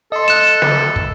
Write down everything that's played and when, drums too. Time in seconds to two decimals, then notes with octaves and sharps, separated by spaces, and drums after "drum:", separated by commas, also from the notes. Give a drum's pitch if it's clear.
0.12 A4 D#5 C6
0.28 F#6 E7
0.62 drum: snare
0.96 drum: kick